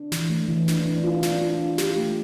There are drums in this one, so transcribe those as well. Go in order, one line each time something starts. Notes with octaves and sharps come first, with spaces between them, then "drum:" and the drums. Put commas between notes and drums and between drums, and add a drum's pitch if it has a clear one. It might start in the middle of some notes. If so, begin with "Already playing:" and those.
Already playing: D4
E3, drum: snare
A3
E3
D4, drum: snare
D4
F4
D4, drum: snare
F4
F4
G4, drum: snare
A3